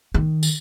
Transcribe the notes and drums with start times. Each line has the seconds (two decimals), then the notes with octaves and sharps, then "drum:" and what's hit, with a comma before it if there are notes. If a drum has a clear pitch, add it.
0.14 D#3
0.43 drum: tambourine